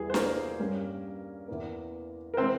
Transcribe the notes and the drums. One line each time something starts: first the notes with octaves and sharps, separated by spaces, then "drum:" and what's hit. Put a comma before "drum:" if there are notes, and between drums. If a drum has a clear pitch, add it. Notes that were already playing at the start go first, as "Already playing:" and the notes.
Already playing: E2 E3 G3 G#4
C5
A#3 A#4, drum: snare D4
G2 G3 A#3 C#4
E2 E3 A#3
A#4
E3 G#3 C4 C5